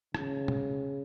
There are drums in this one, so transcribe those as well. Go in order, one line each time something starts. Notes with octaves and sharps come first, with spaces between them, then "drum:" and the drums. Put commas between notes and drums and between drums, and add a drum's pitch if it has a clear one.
C#3, drum: rim click
drum: tom